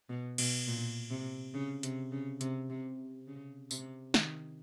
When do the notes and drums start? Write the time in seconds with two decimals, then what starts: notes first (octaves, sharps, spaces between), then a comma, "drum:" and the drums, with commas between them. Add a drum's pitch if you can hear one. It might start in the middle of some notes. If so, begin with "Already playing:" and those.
0.09 B2
0.38 B2, drum: cymbal
0.67 A#2
1.10 C3
1.54 C#3
1.83 C3, drum: hi-hat
2.12 C#3
2.41 C3, drum: hi-hat
2.70 C3
3.28 C#3
3.71 C3, drum: tambourine
4.14 D#3, drum: snare